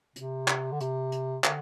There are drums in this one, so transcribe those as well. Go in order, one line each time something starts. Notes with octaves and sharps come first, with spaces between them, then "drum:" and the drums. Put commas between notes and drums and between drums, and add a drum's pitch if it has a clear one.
C3, drum: hi-hat
drum: clap
D3
C3, drum: hi-hat
drum: hi-hat
D3, drum: clap